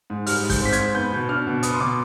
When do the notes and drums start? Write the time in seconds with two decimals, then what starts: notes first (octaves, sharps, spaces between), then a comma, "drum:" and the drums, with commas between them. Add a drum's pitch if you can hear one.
0.10 G#2
0.27 G3 F6, drum: open hi-hat
0.44 G#2
0.50 G6, drum: kick, open hi-hat
0.61 C4 B6
0.73 G#6, drum: hi-hat
0.78 G#2
0.95 B3 G6
1.12 B2
1.29 D4 F6
1.47 B2
1.63 B3 D#6, drum: hi-hat
1.74 C6
1.80 B2 D6